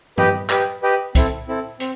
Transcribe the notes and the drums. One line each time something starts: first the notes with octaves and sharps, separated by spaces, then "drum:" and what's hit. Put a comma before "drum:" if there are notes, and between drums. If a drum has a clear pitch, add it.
G4 B4 D#5 G5, drum: tom G2
G4 B4 D#5 G5, drum: clap
G4 B4 D#5 G5
C4 E4 A4, drum: kick B1, hi-hat
C4 E4 A4
C4, drum: hi-hat